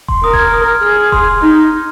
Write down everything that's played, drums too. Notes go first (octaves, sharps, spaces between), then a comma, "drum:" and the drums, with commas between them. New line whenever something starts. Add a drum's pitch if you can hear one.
C6, drum: kick E1
A#4 D#6
G#6, drum: kick E1
F6
D#6
F6
G#4 F6
D#6
C6, drum: kick E1
D#4